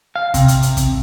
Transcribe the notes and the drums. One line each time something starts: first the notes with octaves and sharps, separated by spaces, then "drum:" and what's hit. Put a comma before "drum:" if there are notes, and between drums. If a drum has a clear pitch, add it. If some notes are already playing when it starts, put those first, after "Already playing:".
F5
C3, drum: kick, hi-hat
drum: hi-hat
drum: hi-hat
drum: kick, hi-hat